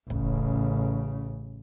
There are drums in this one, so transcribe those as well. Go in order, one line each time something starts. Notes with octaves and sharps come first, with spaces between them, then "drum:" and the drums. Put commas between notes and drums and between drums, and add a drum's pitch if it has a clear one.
A1 C#3, drum: kick